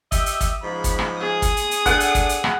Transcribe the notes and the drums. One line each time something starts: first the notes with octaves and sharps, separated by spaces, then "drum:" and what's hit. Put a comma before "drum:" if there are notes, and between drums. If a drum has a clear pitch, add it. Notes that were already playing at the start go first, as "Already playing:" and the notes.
G4 D#5 E5, drum: kick, hi-hat
drum: hi-hat
drum: kick, hi-hat
G#2 C#3 F3 B5
drum: kick, hi-hat
drum: rim click
G#4 D#6
drum: kick, hi-hat
drum: hi-hat
drum: hi-hat
D4 A4 F#5, drum: kick, hi-hat
drum: hi-hat
drum: kick, hi-hat
drum: hi-hat
drum: rim click